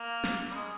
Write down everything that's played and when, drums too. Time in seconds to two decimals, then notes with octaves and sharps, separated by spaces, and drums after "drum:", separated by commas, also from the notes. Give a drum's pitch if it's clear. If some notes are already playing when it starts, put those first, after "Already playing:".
Already playing: A#3
0.24 drum: snare
0.51 G3
0.55 G#3